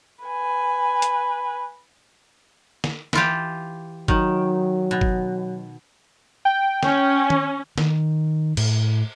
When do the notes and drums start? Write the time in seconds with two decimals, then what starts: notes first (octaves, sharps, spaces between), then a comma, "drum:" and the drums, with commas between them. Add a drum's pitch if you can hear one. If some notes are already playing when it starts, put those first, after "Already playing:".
0.24 B4 G#5
1.02 drum: hi-hat
2.84 drum: snare
3.13 E3 F4 G4, drum: snare
4.08 D#3 F#3, drum: kick G1
4.91 B2
5.01 drum: kick G1
6.45 G5
6.83 C#4, drum: snare
7.30 drum: tom D#3
7.78 D#3, drum: snare
8.57 A2, drum: cymbal